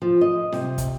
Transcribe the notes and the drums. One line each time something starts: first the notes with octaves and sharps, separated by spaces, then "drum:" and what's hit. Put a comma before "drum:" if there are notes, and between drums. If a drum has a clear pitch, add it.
F3
D#5
C3, drum: snare
drum: kick, hi-hat